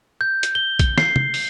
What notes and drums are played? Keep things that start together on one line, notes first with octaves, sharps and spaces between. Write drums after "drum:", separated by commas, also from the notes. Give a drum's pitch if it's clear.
G6
drum: hi-hat
G7
drum: kick, hi-hat
C7, drum: snare
drum: tom
drum: open hi-hat